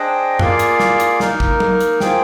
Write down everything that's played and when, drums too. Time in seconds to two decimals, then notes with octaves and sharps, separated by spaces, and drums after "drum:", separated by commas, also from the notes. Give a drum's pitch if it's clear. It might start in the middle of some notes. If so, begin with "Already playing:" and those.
Already playing: D4 G#4 C5 D#5 G5
0.39 A#3 F4 G#4 D5 F5, drum: tom G2
0.59 drum: hi-hat
0.80 drum: snare
1.00 drum: hi-hat
1.20 A#3 D#4 A#4, drum: snare
1.40 drum: kick
1.60 drum: tom
1.81 drum: hi-hat
2.00 A#3 F4 G#4 C5 G5, drum: snare